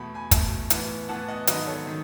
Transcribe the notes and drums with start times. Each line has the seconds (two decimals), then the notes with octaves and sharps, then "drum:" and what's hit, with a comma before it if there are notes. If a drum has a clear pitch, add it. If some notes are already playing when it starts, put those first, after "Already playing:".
Already playing: E2 B2 A3 B5
0.14 G#5 B5
0.31 E2 B2 A3, drum: kick, hi-hat
0.70 A2 E3 B3, drum: hi-hat
1.09 A2 E3 B3 F#5 A5
1.28 D#5 F#5
1.47 G#2 D#3 F#3 B3 B4 D#5, drum: hi-hat
1.67 A4 C#5
1.87 D#3